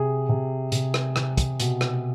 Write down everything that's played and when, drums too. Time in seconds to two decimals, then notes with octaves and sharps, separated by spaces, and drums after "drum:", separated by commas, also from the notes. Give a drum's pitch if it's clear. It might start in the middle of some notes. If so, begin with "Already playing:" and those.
Already playing: C3 G#4
0.29 C3
0.72 C3, drum: hi-hat
0.94 drum: rim click
1.16 C3, drum: rim click
1.38 drum: kick, hi-hat
1.60 B2, drum: hi-hat
1.81 drum: rim click